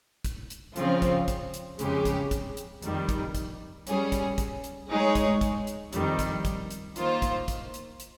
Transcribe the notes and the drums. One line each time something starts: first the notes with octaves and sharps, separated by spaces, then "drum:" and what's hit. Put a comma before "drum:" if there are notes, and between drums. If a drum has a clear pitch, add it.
drum: kick, hi-hat
drum: hi-hat
C#3 F3 C4 F4, drum: hi-hat
drum: kick, hi-hat
drum: kick, hi-hat
drum: hi-hat
F2 C#3 G#3 C#4 G4, drum: hi-hat
drum: kick, hi-hat
drum: kick, hi-hat
drum: hi-hat
F2 D#3 G3, drum: hi-hat
drum: kick, hi-hat
drum: kick, hi-hat
G3 C#4 G#4, drum: hi-hat
drum: kick, hi-hat
drum: kick, hi-hat
drum: hi-hat
G#3 D#4 G#4 C#5
drum: kick, hi-hat
drum: kick, hi-hat
drum: hi-hat
F2 D#3 G3, drum: hi-hat
drum: kick, hi-hat
drum: kick, hi-hat
drum: hi-hat
D#3 A#3 F4 C5, drum: hi-hat
drum: kick, hi-hat
drum: kick, hi-hat
drum: hi-hat
drum: hi-hat